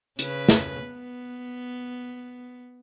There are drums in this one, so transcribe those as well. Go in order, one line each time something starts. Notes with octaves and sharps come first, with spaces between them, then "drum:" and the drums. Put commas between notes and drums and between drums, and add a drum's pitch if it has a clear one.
C#3 B4, drum: hi-hat
drum: snare
B3